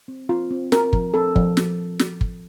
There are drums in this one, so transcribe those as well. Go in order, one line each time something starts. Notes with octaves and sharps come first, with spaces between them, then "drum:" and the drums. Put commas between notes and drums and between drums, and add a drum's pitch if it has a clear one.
C4
C4 F4
C4
C4 A#4, drum: snare
F3, drum: kick
C4 A4
F3, drum: kick
drum: snare
drum: snare
drum: kick